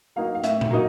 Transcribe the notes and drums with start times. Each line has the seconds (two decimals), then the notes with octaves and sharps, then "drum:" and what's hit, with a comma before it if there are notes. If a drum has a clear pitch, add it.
0.16 F#3 A#3 D#4 F5
0.35 F5
0.44 A2 E5, drum: hi-hat
0.61 drum: tom A#2
0.71 F#3 A#3 D#4